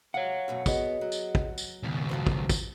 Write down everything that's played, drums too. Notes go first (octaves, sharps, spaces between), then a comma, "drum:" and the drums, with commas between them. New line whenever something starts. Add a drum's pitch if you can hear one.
C3 G#3 C#5 F5 F#5
F#2 B2 A3
B2 B3 F#4 G#4 D#5, drum: kick, tambourine
F#3
drum: tambourine
drum: kick
drum: tambourine
C#2 G2 B2 D#3
F3 F#3 C5
drum: kick
drum: kick, tambourine